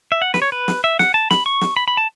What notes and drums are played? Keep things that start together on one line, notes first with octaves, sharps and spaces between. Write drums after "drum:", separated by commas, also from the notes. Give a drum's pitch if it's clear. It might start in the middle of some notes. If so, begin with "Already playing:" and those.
E5
F#5
B4, drum: snare
C#5
B4
drum: snare
E5
F#5, drum: snare
A5
B5, drum: snare
C#6
drum: snare
B5
B5
A5